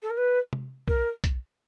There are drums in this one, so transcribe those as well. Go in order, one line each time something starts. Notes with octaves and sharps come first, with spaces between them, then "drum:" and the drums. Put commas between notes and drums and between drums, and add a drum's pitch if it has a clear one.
A4
A#4
B4
drum: tom C3
A#4, drum: kick
drum: kick, hi-hat